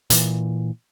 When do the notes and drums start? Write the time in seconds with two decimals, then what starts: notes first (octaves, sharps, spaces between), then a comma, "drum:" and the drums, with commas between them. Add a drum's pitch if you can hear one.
0.10 A#2 E3, drum: hi-hat